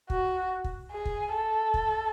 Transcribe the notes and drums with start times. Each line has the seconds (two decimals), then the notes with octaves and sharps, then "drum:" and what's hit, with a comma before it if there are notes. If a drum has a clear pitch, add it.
0.10 F#4, drum: kick
0.64 drum: kick
0.92 G#4
1.05 drum: kick
1.33 A4
1.74 drum: kick